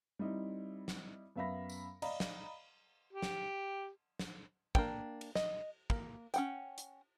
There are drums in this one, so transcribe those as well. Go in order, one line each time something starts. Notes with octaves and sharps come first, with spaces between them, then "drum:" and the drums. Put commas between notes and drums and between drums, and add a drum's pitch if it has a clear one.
G3 C4 D#4 E4
drum: snare
F#2 B3 E5 F5 B5 A#6
drum: tambourine
D5 D#5 F5 A#5 B5, drum: cymbal
drum: snare
G4
drum: snare
drum: snare
A#3 D4 G5, drum: kick
drum: cymbal
D#5, drum: snare
A#3, drum: kick
C#4 F#5 G5, drum: hi-hat
drum: hi-hat